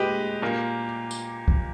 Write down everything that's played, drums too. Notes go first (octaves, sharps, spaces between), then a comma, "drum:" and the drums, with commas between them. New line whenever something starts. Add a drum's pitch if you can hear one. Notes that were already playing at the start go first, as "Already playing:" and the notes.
Already playing: A#2 G#3 G4 B4 D#5
A#2 A#3
drum: tambourine
drum: kick